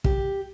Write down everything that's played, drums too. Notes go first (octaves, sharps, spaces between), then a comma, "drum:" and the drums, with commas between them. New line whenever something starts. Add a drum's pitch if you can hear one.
G4, drum: kick